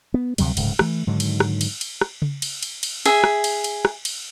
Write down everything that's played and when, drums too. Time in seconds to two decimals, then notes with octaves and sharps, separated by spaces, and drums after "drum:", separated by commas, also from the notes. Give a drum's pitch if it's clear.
0.14 B3
0.38 D2 C3 F#3 G3, drum: cymbal
0.57 D1 G#2 C#3, drum: cymbal
0.79 E3 A3, drum: rim click
1.07 G#2 D3 D#3 F#3
1.20 drum: cymbal
1.40 drum: rim click
1.61 drum: cymbal
1.81 drum: cymbal
2.01 drum: rim click
2.22 drum: tom C#3
2.42 drum: cymbal
2.63 drum: cymbal
2.83 drum: cymbal
3.05 G#4 E5, drum: cymbal
3.24 drum: rim click
3.44 drum: cymbal
3.64 drum: cymbal
3.85 drum: rim click
4.05 drum: cymbal